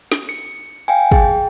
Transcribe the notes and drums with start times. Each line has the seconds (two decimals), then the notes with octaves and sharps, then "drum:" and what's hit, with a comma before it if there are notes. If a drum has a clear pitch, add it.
0.12 drum: snare
0.29 C#7
0.88 F5 G5 G#5
1.11 G#4 G5, drum: kick